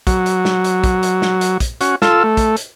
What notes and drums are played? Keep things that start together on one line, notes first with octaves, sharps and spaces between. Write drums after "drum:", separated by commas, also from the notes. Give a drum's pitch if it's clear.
F#3, drum: kick, hi-hat
drum: hi-hat
drum: snare
drum: hi-hat
drum: kick, hi-hat
drum: hi-hat
drum: snare
drum: hi-hat
drum: kick, hi-hat
C#4 F#4, drum: hi-hat
F4 A4 E6, drum: snare
A3
drum: kick, hi-hat
drum: hi-hat